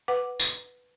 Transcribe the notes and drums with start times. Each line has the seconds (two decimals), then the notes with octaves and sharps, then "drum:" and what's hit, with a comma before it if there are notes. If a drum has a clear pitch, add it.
0.08 B4 F#5 D6
0.40 drum: tambourine